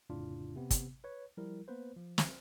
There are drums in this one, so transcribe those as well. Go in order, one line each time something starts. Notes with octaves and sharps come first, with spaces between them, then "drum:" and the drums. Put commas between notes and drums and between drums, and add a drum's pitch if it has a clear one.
G1 F2 A2 C#3 D4 F4
C3 B3
drum: kick, hi-hat
B4 C#5
F3 G3 E4 A#4
A#3 B3 B4 C5
F3
drum: snare